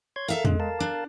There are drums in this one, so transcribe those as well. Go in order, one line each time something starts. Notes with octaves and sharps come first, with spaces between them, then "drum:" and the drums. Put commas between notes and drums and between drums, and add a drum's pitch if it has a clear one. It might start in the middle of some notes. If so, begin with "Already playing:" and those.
C#5 C6 G#6
A4 A#4 E5 F5
F#2 A#2 D3 G#3, drum: tom E2
A#4 F5 A5
D4